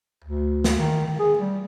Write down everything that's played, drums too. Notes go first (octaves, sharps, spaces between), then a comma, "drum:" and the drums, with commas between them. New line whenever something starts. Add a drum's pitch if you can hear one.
D2
drum: snare
D#3
D#3
G#4
G3